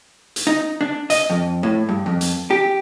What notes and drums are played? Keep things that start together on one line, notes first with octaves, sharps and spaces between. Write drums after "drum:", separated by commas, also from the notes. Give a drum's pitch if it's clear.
drum: hi-hat
D#4
D4
D#5, drum: hi-hat
F2
A2
G2
F2
drum: hi-hat
G4